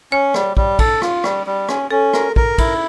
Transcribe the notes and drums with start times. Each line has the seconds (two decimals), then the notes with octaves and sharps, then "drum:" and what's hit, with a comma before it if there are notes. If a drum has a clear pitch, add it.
0.12 C#4 C#5
0.34 G3, drum: rim click
0.57 G3, drum: kick
0.79 A4, drum: kick, cymbal
1.02 F4, drum: rim click
1.24 G3, drum: rim click
1.47 G3
1.69 C#4, drum: rim click
1.91 C#4 A4
2.13 A#4, drum: rim click
2.36 A#4, drum: kick
2.58 E4, drum: kick, cymbal